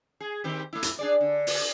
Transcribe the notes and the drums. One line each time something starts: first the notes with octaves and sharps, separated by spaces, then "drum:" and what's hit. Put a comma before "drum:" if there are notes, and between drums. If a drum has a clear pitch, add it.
G#4
D#3 C4 G4
A3 E4
drum: hi-hat
D4 G#4 D5
D3
drum: open hi-hat